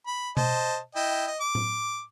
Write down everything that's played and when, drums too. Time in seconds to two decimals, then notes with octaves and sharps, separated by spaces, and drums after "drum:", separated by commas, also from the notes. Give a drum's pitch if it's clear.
0.07 B5
0.37 C5 D#5 A5, drum: tom B2
0.95 E4 D#5 G5
1.27 D#5
1.41 D6
1.55 drum: tom A2